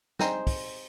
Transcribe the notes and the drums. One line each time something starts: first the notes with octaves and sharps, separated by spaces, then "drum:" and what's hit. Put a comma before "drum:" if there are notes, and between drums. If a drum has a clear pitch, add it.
C4 D#4 G#4 C5, drum: snare
drum: kick, open hi-hat